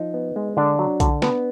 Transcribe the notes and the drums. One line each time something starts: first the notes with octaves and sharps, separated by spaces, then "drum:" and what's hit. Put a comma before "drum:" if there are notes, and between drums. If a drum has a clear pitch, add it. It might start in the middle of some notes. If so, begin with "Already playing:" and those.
Already playing: F3 D#4
B3
G#3
D3 D4
F#3
D3, drum: kick B1, hi-hat
B3, drum: snare